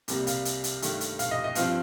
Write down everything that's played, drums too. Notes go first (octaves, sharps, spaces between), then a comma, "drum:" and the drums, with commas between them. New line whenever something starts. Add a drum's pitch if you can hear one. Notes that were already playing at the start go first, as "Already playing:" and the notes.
C2 C3 G3 A#3, drum: hi-hat
F5, drum: hi-hat
drum: hi-hat
drum: hi-hat
G2 D#3 A3, drum: hi-hat
drum: hi-hat
F5, drum: hi-hat
D#5
D#5
G2 F3 C4 F5, drum: hi-hat